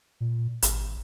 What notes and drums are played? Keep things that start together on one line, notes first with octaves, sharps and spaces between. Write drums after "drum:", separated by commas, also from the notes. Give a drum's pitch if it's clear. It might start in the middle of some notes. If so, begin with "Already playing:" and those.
A#2
G#1, drum: hi-hat